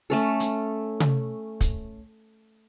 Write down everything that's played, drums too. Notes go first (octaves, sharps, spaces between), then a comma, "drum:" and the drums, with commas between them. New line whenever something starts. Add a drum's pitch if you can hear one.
A3 C#4 A4
drum: hi-hat
drum: tom C3
drum: kick, hi-hat